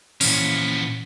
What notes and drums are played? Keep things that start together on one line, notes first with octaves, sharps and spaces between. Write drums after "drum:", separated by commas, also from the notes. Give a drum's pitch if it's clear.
A#2 E3 F3 B3 C#4, drum: open hi-hat